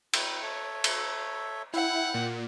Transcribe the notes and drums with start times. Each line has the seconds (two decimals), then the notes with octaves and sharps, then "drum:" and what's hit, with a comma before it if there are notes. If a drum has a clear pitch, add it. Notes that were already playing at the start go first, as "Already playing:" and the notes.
0.14 E4 G5, drum: cymbal
0.43 A4 C#5 E5
0.84 drum: cymbal
1.74 E4 F#5 G5
2.14 A#2